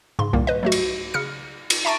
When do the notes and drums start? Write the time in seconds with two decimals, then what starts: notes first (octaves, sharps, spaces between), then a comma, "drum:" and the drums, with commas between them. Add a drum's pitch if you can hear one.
0.19 G#2 C#3 C6
0.33 C2 G2 A#2 D#3 A#3
0.47 B4 D#5
0.63 F#3 A3 F#4
0.72 drum: cymbal
1.14 C#3 F6 C#7
1.70 drum: cymbal
1.85 E5 A5 A#5 C#6 A6 D7